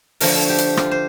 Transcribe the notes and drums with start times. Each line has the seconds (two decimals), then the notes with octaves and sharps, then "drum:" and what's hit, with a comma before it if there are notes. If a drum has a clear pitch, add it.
0.20 D3 F3 A3 D4 A#4, drum: open hi-hat
0.35 A4
0.49 G4
0.58 drum: hi-hat
0.77 F4, drum: rim click
0.91 C5